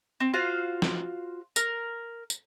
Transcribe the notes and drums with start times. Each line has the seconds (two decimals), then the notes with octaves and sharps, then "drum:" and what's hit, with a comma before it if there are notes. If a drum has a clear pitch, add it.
0.20 C4
0.34 F4 F#4 C5 F5
0.82 drum: snare
1.56 A#4, drum: tambourine
2.30 drum: tambourine